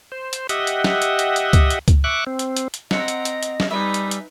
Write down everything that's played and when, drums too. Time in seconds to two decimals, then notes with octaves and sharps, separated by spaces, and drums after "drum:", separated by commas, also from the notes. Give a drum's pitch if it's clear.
0.12 C5
0.33 drum: hi-hat
0.49 G4 D#5 E5 F#5, drum: hi-hat
0.67 drum: hi-hat
0.84 drum: snare
1.02 drum: hi-hat
1.19 drum: hi-hat
1.36 drum: hi-hat
1.53 drum: kick C#2, hi-hat
1.70 drum: hi-hat
1.88 drum: kick C#2, hi-hat
2.04 E5 C#6 D6 F#6
2.27 C4
2.39 drum: hi-hat
2.57 drum: hi-hat
2.74 drum: hi-hat
2.91 C4 D#5 F#5 A#5 E6, drum: snare
3.08 drum: hi-hat
3.25 drum: hi-hat
3.43 drum: hi-hat
3.60 drum: snare
3.71 G3 D#4 B4 E5 G#5 B5
3.94 drum: hi-hat
4.11 drum: hi-hat